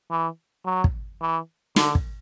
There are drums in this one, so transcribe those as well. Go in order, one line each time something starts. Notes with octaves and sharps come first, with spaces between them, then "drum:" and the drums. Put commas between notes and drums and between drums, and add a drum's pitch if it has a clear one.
E3
F#3
drum: kick
E3
D3, drum: snare
drum: kick